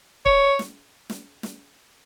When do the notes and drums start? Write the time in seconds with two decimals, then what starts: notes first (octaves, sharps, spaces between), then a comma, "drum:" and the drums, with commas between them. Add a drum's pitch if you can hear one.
0.25 C#5, drum: kick
0.59 drum: snare
1.10 drum: snare
1.43 drum: snare